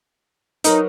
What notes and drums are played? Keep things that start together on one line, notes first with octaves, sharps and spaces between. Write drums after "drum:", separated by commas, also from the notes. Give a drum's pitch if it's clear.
F#3 D#4 A#4 B4, drum: hi-hat